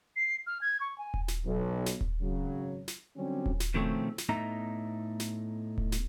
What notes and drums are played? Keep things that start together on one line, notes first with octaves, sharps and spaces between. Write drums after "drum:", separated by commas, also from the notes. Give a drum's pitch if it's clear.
C7
F6
G#6
C#6
G#5
drum: kick D#1
drum: snare
B1
drum: snare
drum: kick D#1
G#1 F#2 C#3 F#3
drum: snare
D3 F#3 G3 C4 C#4 G4
drum: kick D#1
drum: snare
B2 D#3 F3 A3 C4 C#4
drum: snare
A2 B3 D#4 E5 A#5
drum: snare
drum: kick D#1
drum: snare